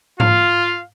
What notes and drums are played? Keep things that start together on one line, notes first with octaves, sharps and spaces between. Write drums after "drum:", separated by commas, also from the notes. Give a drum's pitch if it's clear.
F4 F5, drum: tom G#2